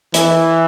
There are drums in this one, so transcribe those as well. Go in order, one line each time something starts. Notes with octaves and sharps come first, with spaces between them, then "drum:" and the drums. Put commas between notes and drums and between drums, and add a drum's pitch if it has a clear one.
E3, drum: hi-hat